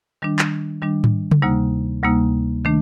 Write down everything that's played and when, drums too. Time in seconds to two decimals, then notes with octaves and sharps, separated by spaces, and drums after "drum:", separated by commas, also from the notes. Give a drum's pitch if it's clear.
0.22 D#3 G3 D4
0.39 drum: clap
0.82 D#3 G3 D4
1.04 drum: tom G#2
1.31 drum: tom C#3
1.42 D2 C3 G3 A#3 D#4
2.03 D2 C3 G3 A#3 D#4
2.65 D#3 A3 D4